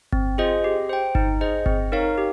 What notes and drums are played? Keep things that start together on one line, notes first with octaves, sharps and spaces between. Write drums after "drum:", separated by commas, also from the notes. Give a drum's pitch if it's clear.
C4, drum: kick G1
F4 G#4 C5 D#5
G4
C5 G5
D#4, drum: kick G1
G#4 C5 D#5
C4, drum: kick G1
D#4 A#4 C#5 F5
G4